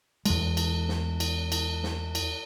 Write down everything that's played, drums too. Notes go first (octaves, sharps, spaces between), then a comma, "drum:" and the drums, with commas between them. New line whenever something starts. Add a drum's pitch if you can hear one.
E2 G#3, drum: cymbal
drum: cymbal
drum: snare
drum: cymbal
drum: cymbal
drum: snare
drum: cymbal